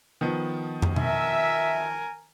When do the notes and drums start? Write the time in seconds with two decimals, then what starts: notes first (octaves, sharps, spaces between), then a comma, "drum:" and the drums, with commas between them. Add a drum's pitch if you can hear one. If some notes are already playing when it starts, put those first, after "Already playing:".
0.21 D#3 F3 B3
0.82 drum: tom
0.96 A#4 E5 G#5, drum: tom B2